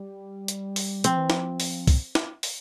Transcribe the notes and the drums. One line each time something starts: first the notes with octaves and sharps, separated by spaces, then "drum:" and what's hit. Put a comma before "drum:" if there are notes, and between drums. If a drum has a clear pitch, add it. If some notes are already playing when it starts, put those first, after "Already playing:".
Already playing: G3
drum: hi-hat
drum: open hi-hat
F3 C4, drum: hi-hat
E3
F3, drum: snare
drum: open hi-hat
drum: kick C2, open hi-hat
drum: snare
drum: open hi-hat